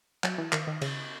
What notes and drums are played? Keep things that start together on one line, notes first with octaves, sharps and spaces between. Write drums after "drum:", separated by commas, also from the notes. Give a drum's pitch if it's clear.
F#3, drum: clap
E3
D#3, drum: clap
D#3
C#3, drum: cymbal